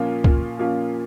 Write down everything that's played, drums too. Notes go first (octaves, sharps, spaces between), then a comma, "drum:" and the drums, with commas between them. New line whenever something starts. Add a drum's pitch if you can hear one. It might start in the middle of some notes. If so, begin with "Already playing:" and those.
Already playing: A#2 F3 A#3 C#4 F4
A#2, drum: kick
F3 A#3 C#4 F4